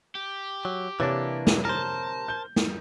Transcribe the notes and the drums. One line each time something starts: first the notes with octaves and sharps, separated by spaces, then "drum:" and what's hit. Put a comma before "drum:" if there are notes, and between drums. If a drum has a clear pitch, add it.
G4
F#3
C3 E3 A#3 D4 C#5 A6
drum: snare
A#4 C5 A5
G6 G7
drum: snare